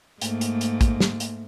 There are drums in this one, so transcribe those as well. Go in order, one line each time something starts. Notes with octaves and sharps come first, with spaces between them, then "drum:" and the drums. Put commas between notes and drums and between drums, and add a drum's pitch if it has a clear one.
G#2 A3 A#3, drum: hi-hat
drum: hi-hat
drum: hi-hat
drum: kick, hi-hat
drum: snare
drum: hi-hat